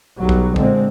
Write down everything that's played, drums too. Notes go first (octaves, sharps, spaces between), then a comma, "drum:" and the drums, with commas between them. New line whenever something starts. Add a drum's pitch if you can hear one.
B1 F#3 G3
drum: kick
A#2 D3 G#3 C4, drum: kick